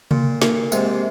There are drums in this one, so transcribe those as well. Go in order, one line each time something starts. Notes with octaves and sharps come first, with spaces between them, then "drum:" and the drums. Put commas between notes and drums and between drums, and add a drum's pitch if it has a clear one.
A#2, drum: tom C3
A#2, drum: snare
G#2 C3, drum: tambourine